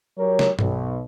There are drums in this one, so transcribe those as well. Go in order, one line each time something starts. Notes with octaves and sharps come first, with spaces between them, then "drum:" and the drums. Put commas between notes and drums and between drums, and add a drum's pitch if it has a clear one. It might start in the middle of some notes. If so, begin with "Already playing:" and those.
F#3 G4 A#4 C#5
drum: snare
B1 B2, drum: tom G2